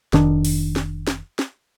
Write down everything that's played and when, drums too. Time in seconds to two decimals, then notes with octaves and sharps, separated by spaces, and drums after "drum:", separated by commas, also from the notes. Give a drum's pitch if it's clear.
0.13 F1 D#3 D4, drum: snare
0.45 drum: open hi-hat
0.76 drum: snare
1.07 drum: snare
1.39 drum: snare